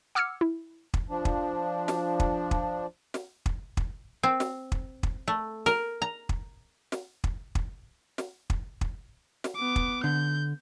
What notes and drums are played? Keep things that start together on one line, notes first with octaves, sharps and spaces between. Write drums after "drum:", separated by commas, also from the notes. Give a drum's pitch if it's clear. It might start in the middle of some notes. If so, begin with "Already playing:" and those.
F#5 D6 E6 F6 G#6 C#7
E4
drum: kick
F3 D4
drum: kick
drum: snare
drum: kick
drum: kick
drum: snare
drum: kick
drum: kick
C4
drum: snare
drum: kick
drum: kick
A3
A#4, drum: snare
A#5
drum: kick
drum: snare
drum: kick
drum: kick
drum: snare
drum: kick
drum: kick
drum: snare
B3 D6
drum: kick
D3 G6